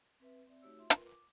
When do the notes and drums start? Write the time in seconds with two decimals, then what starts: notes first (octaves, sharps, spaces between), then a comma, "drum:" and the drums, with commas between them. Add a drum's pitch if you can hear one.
0.20 C4 B4 E5
0.47 C4 D5 E5
0.62 A3 D#4 F#4 G4 C#5 E6
0.77 F4 E5 C6
0.90 F4 A#4 B4, drum: hi-hat
1.06 D6